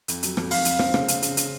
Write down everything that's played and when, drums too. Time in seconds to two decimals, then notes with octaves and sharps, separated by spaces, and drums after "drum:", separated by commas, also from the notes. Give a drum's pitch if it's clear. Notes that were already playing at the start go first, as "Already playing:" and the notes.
0.08 F2, drum: hi-hat
0.23 F#3, drum: hi-hat
0.37 F2, drum: rim click
0.51 F2 F5, drum: open hi-hat
0.65 F2, drum: hi-hat
0.79 C4, drum: rim click
0.94 C#3, drum: rim click
1.08 C#3, drum: hi-hat
1.22 C#3, drum: hi-hat
1.37 C#3, drum: hi-hat